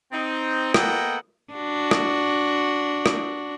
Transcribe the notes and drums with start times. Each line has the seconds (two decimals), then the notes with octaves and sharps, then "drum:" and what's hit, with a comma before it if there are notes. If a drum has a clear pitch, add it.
0.12 C4 D#4
0.74 A#3 B3 A4 D#5 F#5 G5, drum: rim click
1.53 D4 F#4
1.91 drum: rim click
3.06 drum: rim click